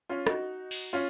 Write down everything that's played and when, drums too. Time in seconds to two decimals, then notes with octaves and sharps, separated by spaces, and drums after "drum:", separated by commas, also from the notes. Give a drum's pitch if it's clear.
0.09 C#4 F4
0.27 D#4 F#4, drum: rim click
0.71 drum: cymbal
0.93 C#4 F4